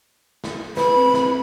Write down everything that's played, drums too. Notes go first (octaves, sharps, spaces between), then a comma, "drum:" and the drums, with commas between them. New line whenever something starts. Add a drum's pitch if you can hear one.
drum: snare
B4 B5, drum: snare
C4
drum: snare